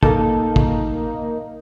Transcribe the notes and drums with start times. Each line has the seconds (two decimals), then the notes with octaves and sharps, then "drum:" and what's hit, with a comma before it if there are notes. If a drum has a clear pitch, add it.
0.03 A#3 D#4 A4, drum: kick
0.56 drum: kick